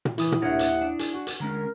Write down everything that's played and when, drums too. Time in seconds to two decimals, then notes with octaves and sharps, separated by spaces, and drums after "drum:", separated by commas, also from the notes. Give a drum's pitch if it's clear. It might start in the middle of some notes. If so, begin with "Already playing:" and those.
0.05 drum: tom A#2
0.18 E3 E4 D#6, drum: hi-hat
0.32 drum: tom A#2
0.42 D#2 D4 G4 A#4 C#5 E5 F#5
0.59 drum: hi-hat
0.81 D4
0.99 G#4, drum: hi-hat
1.13 F#4
1.27 drum: hi-hat
1.40 D3 G#3 C#4 A#4